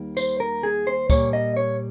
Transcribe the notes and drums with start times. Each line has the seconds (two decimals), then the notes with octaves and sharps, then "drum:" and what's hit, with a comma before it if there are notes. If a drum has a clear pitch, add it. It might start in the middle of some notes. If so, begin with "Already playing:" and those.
Already playing: D#2 D#3 G3 A#3
0.17 C5, drum: tambourine
0.40 A#4
0.63 G#4
0.87 C5
1.10 A#2 G3 A#3 C#5, drum: kick, tambourine
1.33 D#5
1.57 C#5